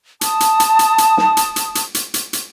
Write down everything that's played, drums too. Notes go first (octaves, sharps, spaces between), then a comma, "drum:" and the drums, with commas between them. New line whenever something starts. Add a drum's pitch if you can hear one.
A5 D#6, drum: hi-hat
drum: hi-hat
drum: hi-hat
drum: hi-hat
drum: hi-hat
drum: snare
drum: hi-hat
drum: hi-hat
drum: hi-hat
drum: hi-hat
drum: hi-hat
drum: hi-hat